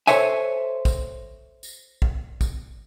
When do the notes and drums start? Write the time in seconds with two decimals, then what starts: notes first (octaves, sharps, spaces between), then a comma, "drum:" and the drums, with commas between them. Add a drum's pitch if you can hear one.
0.07 A4 C5 C#5 E5 G#5, drum: tambourine
0.85 drum: kick, tambourine
1.63 drum: tambourine
2.02 drum: kick
2.41 drum: kick, tambourine